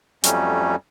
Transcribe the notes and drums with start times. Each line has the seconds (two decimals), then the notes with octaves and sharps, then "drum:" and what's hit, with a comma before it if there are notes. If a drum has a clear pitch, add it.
0.24 F2 F#3 G3 A3 C#4, drum: hi-hat